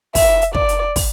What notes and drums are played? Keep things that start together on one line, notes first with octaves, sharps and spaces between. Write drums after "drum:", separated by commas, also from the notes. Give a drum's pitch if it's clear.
E5, drum: kick, open hi-hat
drum: hi-hat
D5, drum: kick
drum: hi-hat
drum: kick, open hi-hat